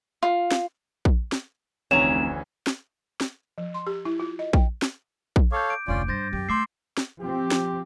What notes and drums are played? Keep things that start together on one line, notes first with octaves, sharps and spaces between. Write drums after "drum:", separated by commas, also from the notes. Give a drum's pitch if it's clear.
F4
drum: snare
drum: kick A#1
drum: snare
F1 D2 E3 C#4 C#5 A#5 E7
drum: snare
drum: snare
F3
C6
G4
E4
F4
D#5
G5, drum: kick A#1
drum: snare
drum: kick A#1
A4 C#5 F5 D6 G6
D7
F1 D2 C#4 F4 D5
G2 C5 G6 A6 A#6
F#2 G4
A3 C6 D6 E6 G6 C7
drum: snare
F3 C4 G4
drum: snare